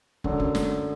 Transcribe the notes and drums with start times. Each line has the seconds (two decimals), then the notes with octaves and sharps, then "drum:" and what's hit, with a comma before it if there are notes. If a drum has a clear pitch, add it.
0.24 F#2 D3 F#3, drum: kick
0.40 drum: kick
0.55 drum: snare